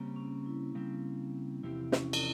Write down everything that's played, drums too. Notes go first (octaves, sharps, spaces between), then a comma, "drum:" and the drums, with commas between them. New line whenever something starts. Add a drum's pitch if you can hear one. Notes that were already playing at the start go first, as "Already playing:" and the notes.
Already playing: C#3 G3 A#3 C4
C#4
E4
C#3 G3 C4
E2 C3 F3 C4 E4 G4
C#4, drum: snare
drum: cymbal